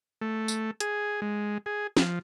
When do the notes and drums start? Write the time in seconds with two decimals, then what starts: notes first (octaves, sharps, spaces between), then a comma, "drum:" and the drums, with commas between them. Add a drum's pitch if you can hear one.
0.21 A3
0.48 drum: tambourine
0.80 G#4, drum: hi-hat
1.22 G#3
1.66 G#4
1.97 F3, drum: snare